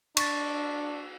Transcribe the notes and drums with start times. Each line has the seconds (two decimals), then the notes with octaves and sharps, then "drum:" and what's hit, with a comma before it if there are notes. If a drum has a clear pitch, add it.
0.17 D4 C#6 A6, drum: cymbal